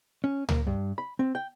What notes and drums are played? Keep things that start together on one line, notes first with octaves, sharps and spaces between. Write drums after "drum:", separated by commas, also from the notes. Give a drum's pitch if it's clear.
C#4
A#3, drum: tom C#2
G2
B5
C4
G5